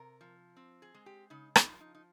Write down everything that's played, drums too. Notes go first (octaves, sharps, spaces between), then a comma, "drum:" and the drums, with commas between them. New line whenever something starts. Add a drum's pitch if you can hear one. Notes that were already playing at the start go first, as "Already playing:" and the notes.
Already playing: C3 A#4
F3
C4
G#4
G#3
G4
C#3 D#4
D#4, drum: rim click
F3
D#4
D#4